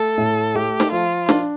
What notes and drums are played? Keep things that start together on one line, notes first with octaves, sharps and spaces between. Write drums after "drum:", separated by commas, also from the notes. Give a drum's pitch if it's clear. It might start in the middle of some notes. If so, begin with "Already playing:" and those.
Already playing: A3 A4
A2
A3 G4
drum: snare
F3 F4
D4, drum: snare